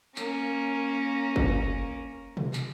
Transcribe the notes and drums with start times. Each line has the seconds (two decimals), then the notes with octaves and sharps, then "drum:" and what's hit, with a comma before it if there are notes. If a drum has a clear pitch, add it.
0.16 A#3 C#4, drum: clap
1.36 drum: kick
2.37 drum: tom B2
2.53 drum: clap